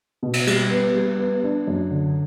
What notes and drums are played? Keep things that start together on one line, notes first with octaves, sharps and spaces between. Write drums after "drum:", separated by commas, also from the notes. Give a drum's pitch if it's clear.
B2
drum: cymbal
G3, drum: cymbal
B3
G3
B3
D4
F#2
D3